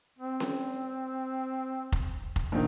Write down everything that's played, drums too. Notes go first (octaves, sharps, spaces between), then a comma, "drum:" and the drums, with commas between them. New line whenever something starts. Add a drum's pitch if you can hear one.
C4
drum: snare C#4
drum: kick F1
drum: kick F1
A#1 D#3